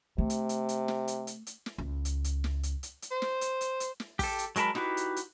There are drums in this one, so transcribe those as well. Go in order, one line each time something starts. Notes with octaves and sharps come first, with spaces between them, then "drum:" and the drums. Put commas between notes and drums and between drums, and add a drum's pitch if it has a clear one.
C3 A3
drum: hi-hat
drum: hi-hat
drum: hi-hat
drum: snare
drum: hi-hat
drum: hi-hat
drum: hi-hat
drum: snare
C#2
drum: hi-hat
drum: hi-hat
drum: snare
drum: hi-hat
drum: hi-hat
drum: hi-hat
C5
drum: snare
drum: hi-hat
drum: hi-hat
drum: hi-hat
drum: snare
G4 A4, drum: kick, open hi-hat
drum: hi-hat
F#3 G#3 A#4 A5 B5, drum: hi-hat
D#4 E4 F#4 G4 B4, drum: snare
drum: hi-hat
drum: hi-hat